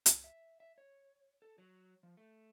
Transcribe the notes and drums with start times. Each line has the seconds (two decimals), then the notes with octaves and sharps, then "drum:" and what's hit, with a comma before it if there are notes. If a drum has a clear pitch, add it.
0.06 drum: hi-hat
0.24 E5
0.60 E5
0.78 C#5
1.42 A4
1.58 F#3
2.03 F3
2.17 A3